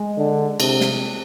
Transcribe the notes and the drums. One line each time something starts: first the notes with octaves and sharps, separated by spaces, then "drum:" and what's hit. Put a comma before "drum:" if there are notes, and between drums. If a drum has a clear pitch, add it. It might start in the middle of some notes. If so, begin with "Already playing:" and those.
Already playing: G#3
D3
C3, drum: cymbal
drum: snare